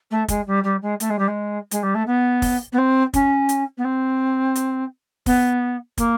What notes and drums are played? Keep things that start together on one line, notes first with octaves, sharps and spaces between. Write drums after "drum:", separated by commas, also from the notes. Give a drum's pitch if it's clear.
A3
G#3, drum: kick, hi-hat
G3
G3
G#3
A3, drum: hi-hat
G#3
G3
G#3
G#3, drum: hi-hat
G3
A3
B3
drum: kick, open hi-hat
B3
C4
C#4, drum: kick, hi-hat
drum: hi-hat
B3
C4
drum: hi-hat
B3, drum: kick, open hi-hat
A#3, drum: kick, hi-hat